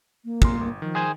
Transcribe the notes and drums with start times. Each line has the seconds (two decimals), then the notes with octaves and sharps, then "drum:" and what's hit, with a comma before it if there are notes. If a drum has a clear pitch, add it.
0.25 A#3
0.42 A#2 A#4 C6, drum: kick
0.61 G1
0.82 D#3 F3
0.95 G#4 C5 G#5